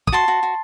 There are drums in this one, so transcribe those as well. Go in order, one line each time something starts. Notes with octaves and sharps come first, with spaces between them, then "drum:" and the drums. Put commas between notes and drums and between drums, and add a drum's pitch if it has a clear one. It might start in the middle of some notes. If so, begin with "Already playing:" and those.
D#6, drum: kick
F#4 A5 C6
F#4
F#4